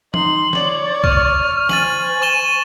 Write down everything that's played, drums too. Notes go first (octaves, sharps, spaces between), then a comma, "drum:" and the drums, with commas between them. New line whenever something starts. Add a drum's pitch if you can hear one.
D#4 C6 F#7, drum: tom E3
C#5 D5, drum: snare
C#6 F6, drum: kick C2
C5 G#5 A6 D#7 F#7, drum: snare
C#6 D#7 E7 G7